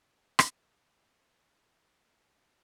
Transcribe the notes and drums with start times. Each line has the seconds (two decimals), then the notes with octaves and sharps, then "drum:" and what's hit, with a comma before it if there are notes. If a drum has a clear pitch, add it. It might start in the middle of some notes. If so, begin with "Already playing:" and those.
0.39 drum: rim click
0.60 B4 C6
0.83 A5
1.26 G4
1.62 E5 F#5
2.32 C3 D4